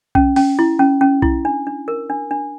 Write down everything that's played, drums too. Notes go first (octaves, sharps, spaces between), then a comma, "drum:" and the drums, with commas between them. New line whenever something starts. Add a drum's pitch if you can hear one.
C#4, drum: kick B1
C#4, drum: open hi-hat
E4
C#4
C#4
E4, drum: kick B1
D4
D4
A#4
D4
D4